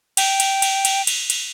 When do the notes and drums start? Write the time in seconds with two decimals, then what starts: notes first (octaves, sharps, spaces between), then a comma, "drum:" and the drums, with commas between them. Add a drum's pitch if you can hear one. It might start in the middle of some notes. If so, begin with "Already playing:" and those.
0.17 G5, drum: cymbal
0.40 drum: cymbal
0.62 drum: cymbal
0.85 drum: cymbal
1.07 drum: cymbal
1.30 drum: cymbal